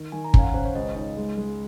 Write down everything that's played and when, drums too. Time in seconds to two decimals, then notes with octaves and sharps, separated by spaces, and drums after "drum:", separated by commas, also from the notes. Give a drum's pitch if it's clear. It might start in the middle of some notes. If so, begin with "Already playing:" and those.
Already playing: D#3
0.12 D#3 G#5
0.25 A#5
0.34 C#4 F5 G#5, drum: kick
0.44 F#5
0.54 C#4 C5
0.65 C#5
0.75 C#2 D#5
0.96 D#4
1.17 G#3
1.37 G#3